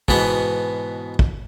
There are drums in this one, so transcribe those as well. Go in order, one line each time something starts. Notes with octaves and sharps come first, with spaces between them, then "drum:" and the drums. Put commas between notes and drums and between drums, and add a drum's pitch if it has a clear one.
G#2 B2 E3 B3, drum: kick
drum: kick